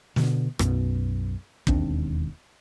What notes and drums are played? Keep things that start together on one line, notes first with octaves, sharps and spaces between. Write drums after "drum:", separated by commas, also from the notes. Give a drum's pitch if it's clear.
B2 D3, drum: snare
B1 F#2 B2, drum: rim click
E1 D#2 C4 D4, drum: kick